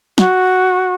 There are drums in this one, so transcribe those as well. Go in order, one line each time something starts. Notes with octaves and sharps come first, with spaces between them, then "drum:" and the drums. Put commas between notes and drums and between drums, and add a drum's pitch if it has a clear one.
F#4, drum: snare